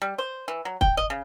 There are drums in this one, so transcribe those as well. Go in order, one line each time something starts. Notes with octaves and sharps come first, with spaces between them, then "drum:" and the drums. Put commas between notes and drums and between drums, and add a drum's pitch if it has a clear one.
G3
C5
E3
F#3
G5, drum: kick
D#5
C#3